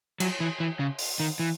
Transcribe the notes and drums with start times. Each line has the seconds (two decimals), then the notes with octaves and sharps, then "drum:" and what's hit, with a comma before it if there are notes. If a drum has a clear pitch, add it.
0.20 F#3, drum: cymbal
0.40 E3
0.60 E3
0.80 C#3
0.99 drum: open hi-hat
1.20 D#3
1.39 E3